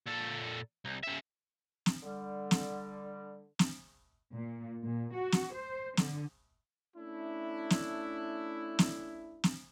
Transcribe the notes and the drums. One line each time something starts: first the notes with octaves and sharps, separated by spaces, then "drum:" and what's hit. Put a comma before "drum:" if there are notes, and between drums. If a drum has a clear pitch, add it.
A#2 A4
C2
C#3 E5
drum: snare
D3 G3
drum: snare
drum: snare
A#2
A#2
F#4
drum: snare
C5
D3, drum: snare
A3 C#4 D4 E4
drum: snare
drum: snare
drum: snare